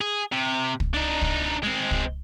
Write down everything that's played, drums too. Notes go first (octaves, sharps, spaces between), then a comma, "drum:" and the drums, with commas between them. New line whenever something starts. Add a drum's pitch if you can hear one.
G#4
C3
drum: kick
D4 D#4
drum: kick
G#3 C4
drum: kick